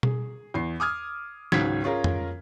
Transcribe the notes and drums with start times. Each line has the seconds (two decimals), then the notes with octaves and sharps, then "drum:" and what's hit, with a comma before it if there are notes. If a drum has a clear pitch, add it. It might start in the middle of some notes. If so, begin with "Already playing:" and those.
0.03 G#4, drum: tom B2
0.54 E2 C7
0.80 D6 D#6 F6 G#6
1.52 C#2 G#2 D#3 F#3 G#6 B6, drum: snare
1.84 C#4 F4 G#4 A#4
2.04 drum: tom F2